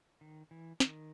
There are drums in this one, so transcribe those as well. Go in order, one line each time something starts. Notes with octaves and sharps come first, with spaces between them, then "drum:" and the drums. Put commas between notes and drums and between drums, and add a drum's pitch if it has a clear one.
D#3
E3
D#3, drum: snare